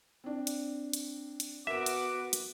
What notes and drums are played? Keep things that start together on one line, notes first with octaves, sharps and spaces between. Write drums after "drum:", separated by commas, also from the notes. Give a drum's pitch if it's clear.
C4 D4
drum: hi-hat
drum: hi-hat
drum: hi-hat
B3 F#4 A#4 E5 D6 D7
drum: hi-hat
drum: hi-hat